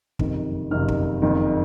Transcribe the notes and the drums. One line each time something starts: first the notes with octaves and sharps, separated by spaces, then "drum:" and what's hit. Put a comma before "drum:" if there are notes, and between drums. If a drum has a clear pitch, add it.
F#1 F2 C3 D#3, drum: kick
F#1 F2 C3 D#3 F6
drum: kick
F#1 F2 D#3